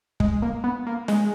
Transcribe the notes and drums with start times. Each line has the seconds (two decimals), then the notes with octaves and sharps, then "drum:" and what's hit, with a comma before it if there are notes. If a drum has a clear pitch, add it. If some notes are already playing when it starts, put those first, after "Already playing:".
0.20 G#3, drum: kick
0.42 A#3
0.64 B3
0.86 A#3
1.08 G#3, drum: snare